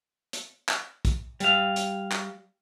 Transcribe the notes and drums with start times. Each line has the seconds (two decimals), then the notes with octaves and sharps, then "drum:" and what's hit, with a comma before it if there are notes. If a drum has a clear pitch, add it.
0.33 drum: hi-hat
0.69 drum: clap
1.05 drum: kick, hi-hat
1.40 G3 F5, drum: hi-hat
1.76 drum: hi-hat
2.12 drum: clap